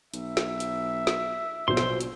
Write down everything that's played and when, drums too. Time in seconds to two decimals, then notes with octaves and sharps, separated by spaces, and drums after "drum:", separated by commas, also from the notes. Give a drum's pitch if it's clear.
0.14 B1 E5, drum: hi-hat
0.37 drum: snare
0.60 drum: hi-hat
1.07 drum: snare
1.68 A#1 B2 F#3 C5 C6
1.77 drum: snare
2.01 drum: hi-hat